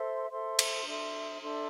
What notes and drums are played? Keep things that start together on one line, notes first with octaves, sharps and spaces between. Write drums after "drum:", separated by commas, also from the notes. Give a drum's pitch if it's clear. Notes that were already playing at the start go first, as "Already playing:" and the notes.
Already playing: A4 C5 E5 C6
A4 C5 E5 C6
drum: cymbal
D4 A4 E5 C6
D4 A4 E5 C6